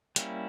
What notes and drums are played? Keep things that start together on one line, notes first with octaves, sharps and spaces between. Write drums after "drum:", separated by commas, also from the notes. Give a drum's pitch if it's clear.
G3 A#3 C#4 E4, drum: hi-hat